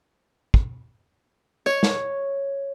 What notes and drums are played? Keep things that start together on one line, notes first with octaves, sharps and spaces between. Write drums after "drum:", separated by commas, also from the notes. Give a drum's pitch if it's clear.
drum: kick
C#5, drum: tambourine
drum: snare